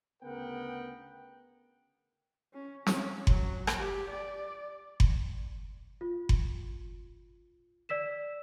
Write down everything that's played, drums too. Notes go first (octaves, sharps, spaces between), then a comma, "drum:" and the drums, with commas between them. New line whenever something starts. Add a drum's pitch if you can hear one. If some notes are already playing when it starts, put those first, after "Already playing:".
D2 C#3 B3 A#4 F#5 G5
C#4
C#4, drum: snare
F#3, drum: kick F#1
drum: rim click
G4
D5
drum: kick F#1
F4
drum: kick F#1
D5 E6 B6 E7